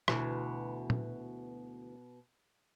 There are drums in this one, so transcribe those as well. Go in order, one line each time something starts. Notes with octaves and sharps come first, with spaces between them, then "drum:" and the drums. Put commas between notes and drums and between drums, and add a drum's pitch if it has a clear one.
D2 B2 E3, drum: rim click
drum: tom A#2